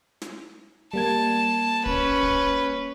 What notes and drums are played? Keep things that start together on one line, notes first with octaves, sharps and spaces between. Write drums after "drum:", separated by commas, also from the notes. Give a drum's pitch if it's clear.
drum: snare
G3 A#3 A5 G#6
C#4 B4, drum: kick
drum: kick